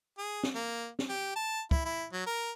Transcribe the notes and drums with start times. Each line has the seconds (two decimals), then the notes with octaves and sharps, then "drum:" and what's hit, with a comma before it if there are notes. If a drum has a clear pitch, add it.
0.18 G#4
0.43 drum: snare
0.55 A#3
0.99 drum: snare
1.09 G4
1.36 A5
1.71 E4, drum: kick
1.85 E4
2.13 F#3
2.26 A#4